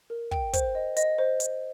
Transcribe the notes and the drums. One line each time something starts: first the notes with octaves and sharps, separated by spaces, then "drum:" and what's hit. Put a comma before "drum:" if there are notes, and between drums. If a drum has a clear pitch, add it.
A#4
G5, drum: kick
C5, drum: kick, hi-hat
D#5
D#5, drum: hi-hat
C5
C5, drum: hi-hat